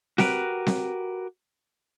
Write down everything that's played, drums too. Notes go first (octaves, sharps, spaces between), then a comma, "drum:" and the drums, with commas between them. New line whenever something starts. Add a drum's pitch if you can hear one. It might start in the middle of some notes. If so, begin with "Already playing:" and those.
F#4 G4 A#4 B4, drum: snare C4
drum: snare C4